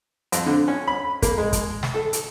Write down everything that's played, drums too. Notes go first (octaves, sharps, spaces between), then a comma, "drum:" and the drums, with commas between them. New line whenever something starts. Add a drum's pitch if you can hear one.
F2, drum: hi-hat
D3
C#4
B5
A#3, drum: kick, hi-hat
G#3
drum: kick, hi-hat
drum: snare
A4
drum: hi-hat